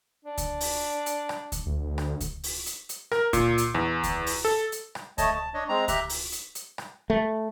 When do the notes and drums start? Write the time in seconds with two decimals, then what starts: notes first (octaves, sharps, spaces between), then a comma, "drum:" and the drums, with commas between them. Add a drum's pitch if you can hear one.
0.25 D4
0.38 drum: kick C#2, hi-hat
0.61 drum: open hi-hat
1.06 drum: hi-hat
1.29 drum: rim click
1.52 drum: kick C#2, hi-hat
1.66 D2
1.98 drum: rim click
2.21 drum: kick C#2, hi-hat
2.43 drum: open hi-hat
2.66 drum: hi-hat
2.89 drum: hi-hat
3.12 A#4, drum: rim click
3.33 A#2, drum: kick C#2, hi-hat
3.58 drum: hi-hat
3.75 E2
4.04 drum: kick C#2, hi-hat
4.26 drum: open hi-hat
4.45 A4
4.72 drum: hi-hat
4.95 drum: rim click
5.18 A3 C#5 D#5 A5, drum: kick C#2, hi-hat
5.34 A5
5.54 D4 C#5 D#5
5.69 G#3 C4 A#5
5.88 G4 E5 A#5 F#6, drum: kick C#2, hi-hat
6.09 drum: open hi-hat
6.32 drum: hi-hat
6.55 drum: hi-hat
6.78 drum: rim click
7.10 A3